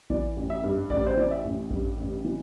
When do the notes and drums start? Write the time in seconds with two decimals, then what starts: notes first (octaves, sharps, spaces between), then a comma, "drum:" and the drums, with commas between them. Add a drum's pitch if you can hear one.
0.10 E3 D5, drum: kick A1
0.37 A1
0.50 E5
0.64 G2
0.90 A1 D5, drum: kick A1
1.06 C5
1.17 E3 D5
1.31 E5
1.44 A1
1.70 G2, drum: kick A1
1.97 A1
2.24 E3